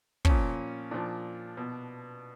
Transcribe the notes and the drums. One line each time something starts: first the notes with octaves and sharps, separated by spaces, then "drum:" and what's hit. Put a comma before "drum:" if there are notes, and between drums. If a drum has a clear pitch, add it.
A#2 F3 C#4, drum: kick
A#2 F3 D4
B2